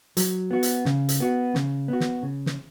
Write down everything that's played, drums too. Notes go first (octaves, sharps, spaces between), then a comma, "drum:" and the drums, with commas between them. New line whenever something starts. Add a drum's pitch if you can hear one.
F#3, drum: hi-hat
B3 F#4
drum: hi-hat
C#3, drum: snare
drum: hi-hat
B3 F#4
C#3, drum: snare
B3 F#4
drum: snare
C#3
drum: snare